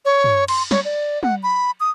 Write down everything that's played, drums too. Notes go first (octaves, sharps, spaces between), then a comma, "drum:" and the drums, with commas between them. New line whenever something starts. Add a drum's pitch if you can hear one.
C#5
drum: tom
C6, drum: cymbal
C#5, drum: snare
D5
F#5, drum: tom
B5
D#6